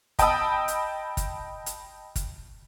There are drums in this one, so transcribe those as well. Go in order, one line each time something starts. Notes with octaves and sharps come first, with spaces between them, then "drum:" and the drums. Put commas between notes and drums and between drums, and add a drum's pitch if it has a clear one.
D#5 G5 A5 B5 D#6 E6, drum: kick, hi-hat
drum: hi-hat
drum: kick, hi-hat
drum: hi-hat
drum: kick, hi-hat